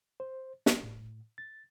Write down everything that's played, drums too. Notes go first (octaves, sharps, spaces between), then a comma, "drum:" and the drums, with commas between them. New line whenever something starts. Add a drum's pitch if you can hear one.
C5
D4, drum: snare
A2
A6